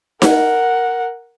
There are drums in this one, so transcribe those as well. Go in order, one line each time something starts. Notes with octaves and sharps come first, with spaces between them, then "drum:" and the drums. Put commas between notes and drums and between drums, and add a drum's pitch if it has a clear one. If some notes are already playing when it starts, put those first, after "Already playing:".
A#4 F#5, drum: snare D#4